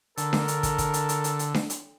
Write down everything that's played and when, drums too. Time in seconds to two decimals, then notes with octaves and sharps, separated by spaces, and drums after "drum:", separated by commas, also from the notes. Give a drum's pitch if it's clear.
0.17 D3 A4 A#4, drum: hi-hat
0.33 drum: snare D4
0.48 drum: hi-hat
0.63 drum: kick, hi-hat
0.78 drum: kick, hi-hat
0.94 drum: hi-hat
1.09 drum: hi-hat
1.24 drum: hi-hat
1.39 drum: hi-hat
1.54 drum: snare D4
1.70 drum: hi-hat